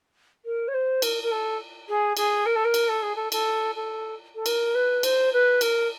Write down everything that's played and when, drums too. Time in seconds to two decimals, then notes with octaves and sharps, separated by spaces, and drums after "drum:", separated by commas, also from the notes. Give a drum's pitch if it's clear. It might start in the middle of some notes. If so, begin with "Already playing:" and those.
0.45 A#4
0.67 C#5
0.73 C5
1.02 A#4, drum: cymbal
1.22 A#4
1.31 A4
1.88 G#4
2.17 G#4, drum: cymbal
2.45 A#4
2.55 A4
2.64 A#4
2.74 drum: cymbal
2.88 A4
3.02 G#4
3.15 A4
3.32 A4, drum: cymbal
3.75 A4
4.34 A4
4.46 A#4, drum: cymbal
4.74 B4
5.03 C5, drum: cymbal
5.33 B4
5.61 A#4, drum: cymbal